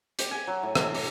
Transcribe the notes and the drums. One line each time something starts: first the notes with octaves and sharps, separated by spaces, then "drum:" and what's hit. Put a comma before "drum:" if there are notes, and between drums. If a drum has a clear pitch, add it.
G4, drum: hi-hat
G#5
F#3
A2
C3, drum: rim click
D6, drum: open hi-hat